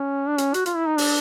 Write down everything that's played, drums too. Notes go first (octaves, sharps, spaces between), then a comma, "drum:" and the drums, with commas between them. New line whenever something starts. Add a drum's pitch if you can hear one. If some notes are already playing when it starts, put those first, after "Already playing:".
Already playing: C#4
D4
C#4, drum: hi-hat
F#4, drum: hi-hat
F4, drum: hi-hat
E4
D#4
D4, drum: open hi-hat